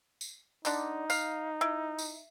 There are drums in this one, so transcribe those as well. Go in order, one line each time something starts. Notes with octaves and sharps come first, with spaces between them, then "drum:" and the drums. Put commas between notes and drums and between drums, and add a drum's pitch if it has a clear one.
drum: tambourine
D3 D4 D#4, drum: tambourine
F5, drum: tambourine
E4
drum: tambourine